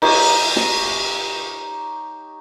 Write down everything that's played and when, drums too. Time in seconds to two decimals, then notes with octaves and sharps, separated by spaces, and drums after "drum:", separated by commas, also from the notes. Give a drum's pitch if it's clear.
0.02 D#4 G4 C#5, drum: cymbal
0.56 drum: snare